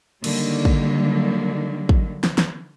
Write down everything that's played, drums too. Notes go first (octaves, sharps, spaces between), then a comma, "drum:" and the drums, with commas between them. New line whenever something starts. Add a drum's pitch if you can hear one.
D3 D#3 F#3 G3 A#3, drum: cymbal
drum: kick
drum: kick
drum: snare
drum: snare